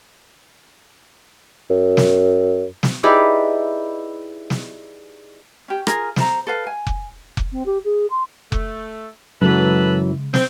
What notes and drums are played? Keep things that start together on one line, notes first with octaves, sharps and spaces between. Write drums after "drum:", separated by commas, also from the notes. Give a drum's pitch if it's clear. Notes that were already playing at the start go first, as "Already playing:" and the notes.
F#2
drum: snare
drum: snare
D#4 E4 G4 G#4 B4 D5
drum: snare
C#4 G4
F4 G#4 A#4, drum: rim click
A4 C5 A#5, drum: snare
A4 B4 F5
G#5
drum: kick F1
drum: kick F1
C4
G4
G#4
C6
A3, drum: kick F1
F#2 C#3 E3 F#3 G#3 A4 B4
C4, drum: snare